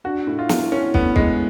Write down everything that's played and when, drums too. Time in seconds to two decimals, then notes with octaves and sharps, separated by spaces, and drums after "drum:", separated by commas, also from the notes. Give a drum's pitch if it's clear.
0.04 D4 F#4
0.27 A2
0.39 F4
0.49 A2, drum: snare
0.72 C#4 D4
0.94 A3 B3, drum: kick
1.16 A2 G#3, drum: kick